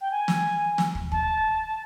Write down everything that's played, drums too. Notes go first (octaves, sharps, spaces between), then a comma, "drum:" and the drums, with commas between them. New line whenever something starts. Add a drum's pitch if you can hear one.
G5
G#5
drum: snare
drum: snare
drum: kick
A5, drum: kick